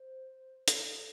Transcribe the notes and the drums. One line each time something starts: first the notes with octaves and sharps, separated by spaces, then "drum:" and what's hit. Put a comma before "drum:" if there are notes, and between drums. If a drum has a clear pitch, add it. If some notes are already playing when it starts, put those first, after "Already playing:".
Already playing: C5
A4, drum: hi-hat